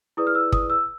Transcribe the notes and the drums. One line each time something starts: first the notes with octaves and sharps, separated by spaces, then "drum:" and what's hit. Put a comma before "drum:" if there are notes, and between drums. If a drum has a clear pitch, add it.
E4 G#4 B4 D5 D#6
F6
E6
D#6, drum: kick
E6